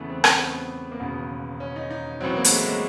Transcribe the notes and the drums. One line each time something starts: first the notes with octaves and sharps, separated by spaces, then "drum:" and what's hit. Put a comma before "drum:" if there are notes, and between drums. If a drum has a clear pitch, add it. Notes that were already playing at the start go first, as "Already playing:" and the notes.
Already playing: E2 C#3 E3 A3 B3
C4
C4, drum: rim click
B3
A#3
E1 D#2 C#3 B3
C#4
D#4
D#4
A1 A2 F#3 C4
A#3
G#3, drum: hi-hat
A3
G#3